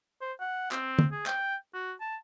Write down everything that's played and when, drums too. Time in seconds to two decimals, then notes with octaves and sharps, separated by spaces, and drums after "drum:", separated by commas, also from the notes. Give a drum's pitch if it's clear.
0.21 C5
0.40 F#5
0.71 C4, drum: clap
0.99 drum: tom
1.12 G#4
1.26 G5, drum: clap
1.74 F#4
2.01 A5